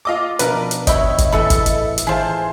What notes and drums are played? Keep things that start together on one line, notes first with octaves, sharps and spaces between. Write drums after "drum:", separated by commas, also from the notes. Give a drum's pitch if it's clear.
F4 D#5 D6
B2 F3 D4 A#4 B4, drum: hi-hat
drum: hi-hat
C#5 D#5 E5 G5 B5, drum: kick G1, hi-hat
drum: kick G1, hi-hat
A2 E3 G#3 A4 E5 B5
drum: kick G1, hi-hat
drum: hi-hat
drum: hi-hat
E3 F4 G#4 C5 A5